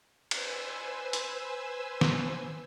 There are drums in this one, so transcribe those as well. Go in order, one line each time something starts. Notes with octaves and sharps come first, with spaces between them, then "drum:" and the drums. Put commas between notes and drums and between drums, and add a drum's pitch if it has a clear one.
B4 C5 G#5 E6, drum: cymbal
drum: hi-hat
drum: snare